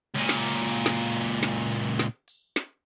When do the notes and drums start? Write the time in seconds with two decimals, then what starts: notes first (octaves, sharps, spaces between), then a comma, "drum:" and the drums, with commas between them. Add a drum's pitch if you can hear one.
0.15 C#2 A#2
0.29 drum: snare
0.57 drum: open hi-hat
0.86 drum: snare
1.14 drum: open hi-hat
1.43 drum: snare
1.71 drum: open hi-hat
1.99 drum: snare
2.28 drum: open hi-hat
2.56 drum: snare